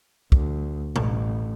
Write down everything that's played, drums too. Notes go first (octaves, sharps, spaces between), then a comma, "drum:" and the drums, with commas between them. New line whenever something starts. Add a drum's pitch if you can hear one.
D2, drum: kick
A1, drum: tom B2